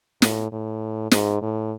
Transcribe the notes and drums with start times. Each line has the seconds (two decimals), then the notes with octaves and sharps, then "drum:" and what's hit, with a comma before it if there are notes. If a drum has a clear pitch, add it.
0.22 A2, drum: snare
0.52 A2
1.11 G#2, drum: snare
1.42 A2